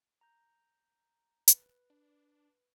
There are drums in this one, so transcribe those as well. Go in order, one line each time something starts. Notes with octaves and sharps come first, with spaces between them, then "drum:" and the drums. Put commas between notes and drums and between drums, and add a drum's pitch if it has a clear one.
A#5 G6
B4, drum: hi-hat
D4